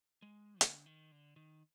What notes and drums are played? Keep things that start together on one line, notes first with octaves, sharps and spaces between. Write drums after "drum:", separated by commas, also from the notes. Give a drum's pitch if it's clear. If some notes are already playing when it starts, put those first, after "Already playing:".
G#3
D3, drum: hi-hat
D#3
D3
D#3